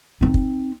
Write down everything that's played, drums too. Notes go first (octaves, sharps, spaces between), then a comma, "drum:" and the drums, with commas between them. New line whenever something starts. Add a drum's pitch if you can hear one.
C4 D#4
drum: kick